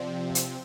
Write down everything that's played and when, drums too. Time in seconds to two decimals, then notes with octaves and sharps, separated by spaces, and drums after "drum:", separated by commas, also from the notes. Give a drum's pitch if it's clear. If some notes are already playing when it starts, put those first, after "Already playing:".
Already playing: C3 F3 C4 D5
0.35 drum: hi-hat